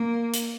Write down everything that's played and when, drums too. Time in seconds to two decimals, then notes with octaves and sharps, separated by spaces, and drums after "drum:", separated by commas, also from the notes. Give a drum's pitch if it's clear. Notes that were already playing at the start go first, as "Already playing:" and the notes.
Already playing: A#3
0.34 drum: hi-hat